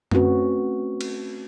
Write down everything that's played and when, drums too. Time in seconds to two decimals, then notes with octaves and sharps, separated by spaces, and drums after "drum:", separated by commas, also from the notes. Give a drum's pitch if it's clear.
0.11 A3 C4 C#4 F#4 B4, drum: tom F#2
1.01 drum: cymbal